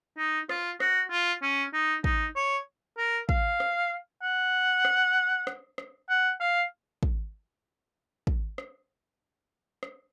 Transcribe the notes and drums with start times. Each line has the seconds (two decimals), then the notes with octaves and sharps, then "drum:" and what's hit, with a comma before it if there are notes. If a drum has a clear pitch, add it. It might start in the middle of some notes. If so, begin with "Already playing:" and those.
0.18 D#4
0.49 F4, drum: rim click
0.80 F#4, drum: rim click
1.11 F4
1.42 C#4
1.73 D#4
2.04 D#4, drum: kick
2.36 C#5
2.98 A#4
3.29 F5, drum: kick
3.60 drum: rim click
4.23 F#5
4.85 drum: rim click
5.47 drum: rim click
5.78 drum: rim click
6.09 F#5
6.40 F5
7.03 drum: kick
8.27 drum: kick
8.58 drum: rim click
9.83 drum: rim click